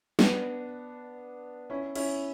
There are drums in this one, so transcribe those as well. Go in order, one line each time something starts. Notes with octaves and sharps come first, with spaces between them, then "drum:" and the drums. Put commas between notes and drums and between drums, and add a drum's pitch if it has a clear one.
B3 D4, drum: snare
C#4 E4
C#4 E4, drum: cymbal